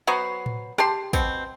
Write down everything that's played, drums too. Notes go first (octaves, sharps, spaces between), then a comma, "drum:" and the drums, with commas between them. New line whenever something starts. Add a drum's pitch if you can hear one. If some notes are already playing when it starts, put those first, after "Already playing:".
F#3 B3 F#4 C5
drum: tom A2
G4 A5 C6, drum: rim click
B2 C4, drum: kick, tambourine